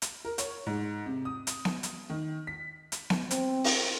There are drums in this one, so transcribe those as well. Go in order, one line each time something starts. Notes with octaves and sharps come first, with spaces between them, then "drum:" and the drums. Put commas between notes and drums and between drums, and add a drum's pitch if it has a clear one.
drum: hi-hat
A#4
C#5, drum: hi-hat
G#2
C3
D#6
drum: hi-hat
drum: snare B3
drum: hi-hat
D#3
B6
drum: hi-hat
drum: snare B3
C4, drum: hi-hat
drum: open hi-hat